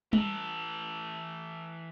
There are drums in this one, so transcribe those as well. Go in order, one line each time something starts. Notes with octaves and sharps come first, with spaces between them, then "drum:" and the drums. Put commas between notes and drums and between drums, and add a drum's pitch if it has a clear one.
E3 A4, drum: tom G3